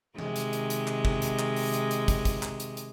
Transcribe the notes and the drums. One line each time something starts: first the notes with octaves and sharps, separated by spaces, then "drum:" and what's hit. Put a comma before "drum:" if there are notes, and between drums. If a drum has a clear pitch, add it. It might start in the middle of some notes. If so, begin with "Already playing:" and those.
C3 D#3 G#3, drum: tom E3
drum: hi-hat
drum: hi-hat
drum: hi-hat
drum: clap
drum: kick
drum: hi-hat
drum: clap
drum: open hi-hat
drum: hi-hat
drum: hi-hat
drum: kick, hi-hat
drum: kick, hi-hat
drum: clap
drum: hi-hat
drum: hi-hat